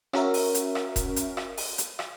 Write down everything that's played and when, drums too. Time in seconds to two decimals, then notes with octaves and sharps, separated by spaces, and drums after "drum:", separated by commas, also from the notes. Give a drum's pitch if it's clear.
0.13 C#4 F#4 A#4 E5, drum: rim click
0.34 drum: open hi-hat
0.55 drum: hi-hat
0.75 drum: rim click
0.96 drum: kick E1, hi-hat
1.16 drum: hi-hat
1.37 drum: rim click
1.58 drum: open hi-hat
1.78 drum: hi-hat
1.99 drum: rim click